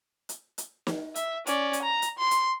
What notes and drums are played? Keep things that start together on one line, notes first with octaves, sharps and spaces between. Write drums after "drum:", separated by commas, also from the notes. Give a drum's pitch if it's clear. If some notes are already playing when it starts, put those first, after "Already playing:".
drum: hi-hat
drum: hi-hat
drum: snare
E5, drum: hi-hat
C#4 D5, drum: hi-hat
drum: hi-hat
A#5
drum: hi-hat
C6
drum: hi-hat